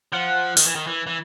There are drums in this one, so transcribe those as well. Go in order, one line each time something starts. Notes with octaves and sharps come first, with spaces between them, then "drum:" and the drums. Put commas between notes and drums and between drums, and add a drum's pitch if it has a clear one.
F3 F#5
D#3, drum: open hi-hat
E3
D#3
E3
E3